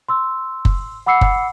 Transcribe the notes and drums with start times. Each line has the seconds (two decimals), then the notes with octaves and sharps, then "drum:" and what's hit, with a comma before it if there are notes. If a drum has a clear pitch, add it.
0.09 C6 E6
0.65 drum: kick F#1
1.06 F#5 B5 D6 E6 C7 C#7
1.21 drum: kick F#1